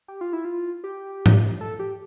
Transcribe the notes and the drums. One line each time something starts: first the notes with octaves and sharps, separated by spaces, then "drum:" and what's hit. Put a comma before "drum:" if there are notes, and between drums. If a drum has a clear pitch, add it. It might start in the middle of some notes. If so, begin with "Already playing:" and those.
G4
F4
E4
F4
G4
drum: tom G#2
A4
G4